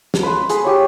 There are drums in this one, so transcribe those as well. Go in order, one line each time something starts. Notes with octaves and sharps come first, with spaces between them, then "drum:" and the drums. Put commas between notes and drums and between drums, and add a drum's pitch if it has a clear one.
drum: snare
B4 C6
G#4, drum: hi-hat
G4 C#5